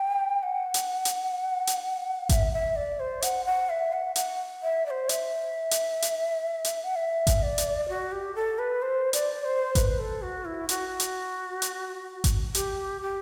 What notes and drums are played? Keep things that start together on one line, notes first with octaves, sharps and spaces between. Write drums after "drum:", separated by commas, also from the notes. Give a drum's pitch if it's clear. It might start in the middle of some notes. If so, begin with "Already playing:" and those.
Already playing: G5
F#5
drum: hi-hat
drum: hi-hat
drum: hi-hat
E5, drum: kick G#1, hi-hat
E5
D5
C5
F#5, drum: hi-hat
F#5
E5
F#5
F#5, drum: hi-hat
E5
D5
C5
E5, drum: hi-hat
drum: hi-hat
drum: hi-hat
drum: hi-hat
F#5
E5
drum: kick G#1, hi-hat
D5
drum: hi-hat
F#4
G4
A4
B4
C5
D5, drum: hi-hat
C5
B4, drum: kick G#1, hi-hat
A4
F#4
E4
F#4, drum: hi-hat
drum: hi-hat
drum: hi-hat
drum: kick G#1, hi-hat
G4, drum: hi-hat
G4